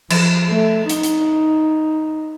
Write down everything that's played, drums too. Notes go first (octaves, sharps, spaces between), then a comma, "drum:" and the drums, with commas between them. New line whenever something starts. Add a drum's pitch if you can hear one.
F3, drum: cymbal
A3
D#4, drum: hi-hat
drum: hi-hat